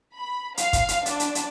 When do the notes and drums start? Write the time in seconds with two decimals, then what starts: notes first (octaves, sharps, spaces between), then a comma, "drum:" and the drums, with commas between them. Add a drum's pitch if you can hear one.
0.16 B5
0.57 F5, drum: hi-hat
0.73 drum: kick, hi-hat
0.88 drum: hi-hat
1.06 D4, drum: hi-hat
1.20 drum: hi-hat
1.35 drum: hi-hat